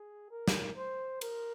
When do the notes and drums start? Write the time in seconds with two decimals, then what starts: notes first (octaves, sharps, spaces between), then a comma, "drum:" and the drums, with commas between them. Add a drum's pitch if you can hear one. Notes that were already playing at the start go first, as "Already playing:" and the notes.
Already playing: G#4
0.30 A#4
0.48 drum: snare
0.76 C5
1.21 A#4, drum: cymbal